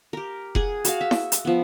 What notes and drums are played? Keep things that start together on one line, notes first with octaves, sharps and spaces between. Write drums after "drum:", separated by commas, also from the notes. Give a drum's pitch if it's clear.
G4 A#4
G#4 F#5, drum: kick F1
F#4 F5, drum: hi-hat
E5
drum: snare E4
drum: hi-hat
F3 B3